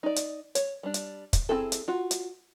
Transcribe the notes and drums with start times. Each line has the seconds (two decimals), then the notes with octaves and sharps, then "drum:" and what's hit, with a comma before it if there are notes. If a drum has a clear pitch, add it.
0.03 D#4 D5
0.16 drum: hi-hat
0.55 C#5, drum: hi-hat
0.83 G3 D4
0.94 drum: hi-hat
1.33 drum: kick, hi-hat
1.49 C4 E4 G#4 A4
1.72 drum: hi-hat
1.88 F4 F#4
2.11 drum: hi-hat